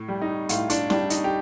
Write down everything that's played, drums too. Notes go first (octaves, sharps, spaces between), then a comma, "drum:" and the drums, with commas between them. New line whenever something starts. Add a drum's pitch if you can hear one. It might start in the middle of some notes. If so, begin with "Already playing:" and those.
Already playing: A2
G3
D#4
A2 F4, drum: hi-hat
D4, drum: hi-hat
G3 D4, drum: snare
D#4, drum: hi-hat
G4